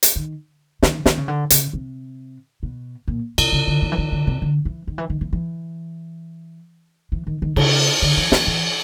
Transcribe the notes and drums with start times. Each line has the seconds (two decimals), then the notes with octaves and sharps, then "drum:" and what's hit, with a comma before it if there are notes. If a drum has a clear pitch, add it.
0.03 drum: hi-hat
0.16 D#3
0.83 D#3, drum: snare
1.06 D#3, drum: snare
1.18 C#3
1.28 D3
1.50 C#3, drum: hi-hat
1.73 C3
2.63 B2
3.08 A#2
3.38 C3, drum: cymbal
3.52 C#3
3.67 D3
3.82 D#3
3.92 E3
3.98 D#3
4.12 D3
4.27 C3
4.42 D3
4.65 E3
4.87 D#3
4.98 E3
5.10 D#3
5.21 E3
5.33 E3
7.12 E3
7.27 D#3
7.42 D#3
7.56 C#3, drum: cymbal
8.02 D3
8.17 E3
8.32 E3, drum: snare
8.47 E3